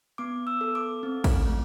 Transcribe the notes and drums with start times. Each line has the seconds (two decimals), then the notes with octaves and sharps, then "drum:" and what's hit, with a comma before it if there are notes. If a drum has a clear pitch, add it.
0.18 B3 D6
0.47 E6
0.61 A4
0.75 D6
1.03 C4
1.24 drum: kick, cymbal
1.46 A3